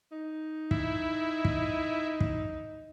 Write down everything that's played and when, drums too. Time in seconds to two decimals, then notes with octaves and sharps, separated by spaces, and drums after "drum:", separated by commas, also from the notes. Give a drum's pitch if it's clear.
0.12 D#4
0.71 E4, drum: kick
1.45 drum: kick
2.20 drum: kick